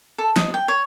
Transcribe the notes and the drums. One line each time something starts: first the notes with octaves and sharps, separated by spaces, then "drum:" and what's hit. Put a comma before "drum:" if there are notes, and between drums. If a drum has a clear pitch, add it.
A4
D#5, drum: snare
G5
C#5